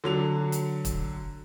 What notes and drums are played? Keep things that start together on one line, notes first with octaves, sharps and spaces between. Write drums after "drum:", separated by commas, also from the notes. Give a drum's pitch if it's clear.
D3 F#3 F7
drum: hi-hat
drum: kick, hi-hat